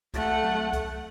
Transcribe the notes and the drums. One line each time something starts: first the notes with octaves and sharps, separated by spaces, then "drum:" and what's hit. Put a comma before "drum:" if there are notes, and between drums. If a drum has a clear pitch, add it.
A3 F#5, drum: kick C2, hi-hat
drum: tom F#3
drum: kick C2, hi-hat